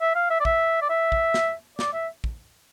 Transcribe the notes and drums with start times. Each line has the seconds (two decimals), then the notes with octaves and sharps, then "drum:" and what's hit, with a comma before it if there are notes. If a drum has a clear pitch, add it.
0.01 E5
0.15 F5
0.30 E5
0.40 D5
0.45 E5, drum: kick
0.82 D5
0.90 E5
1.12 drum: kick
1.34 drum: snare
1.79 D5, drum: snare
1.93 E5
2.24 drum: kick